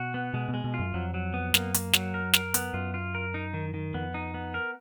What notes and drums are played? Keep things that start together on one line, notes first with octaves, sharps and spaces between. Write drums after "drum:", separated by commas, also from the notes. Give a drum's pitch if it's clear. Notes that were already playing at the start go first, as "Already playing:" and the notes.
Already playing: B2 F#4
B3
B2 G#3
B2
G#3
B2
F4
F#2
F2 F#3
F#3
B3
F#2 A#3, drum: snare
A#3, drum: hi-hat
F#3, drum: snare
A#4
A#4, drum: snare
B3, drum: hi-hat
F#2 F4
F4
A#4
D#4
D#3
D#3
F2 B3
D#4
B3
A#4